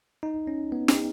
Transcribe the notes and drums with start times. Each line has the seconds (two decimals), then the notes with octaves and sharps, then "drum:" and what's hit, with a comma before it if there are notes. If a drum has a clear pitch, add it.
0.23 D#4
0.47 C#4
0.72 B3
0.88 D#4, drum: snare